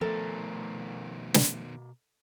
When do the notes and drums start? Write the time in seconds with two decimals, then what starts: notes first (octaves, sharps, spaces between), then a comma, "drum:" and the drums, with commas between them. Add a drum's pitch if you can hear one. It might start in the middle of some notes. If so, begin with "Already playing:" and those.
0.01 B2 D#3 F3 A3 B3 A4 A#4
1.34 drum: snare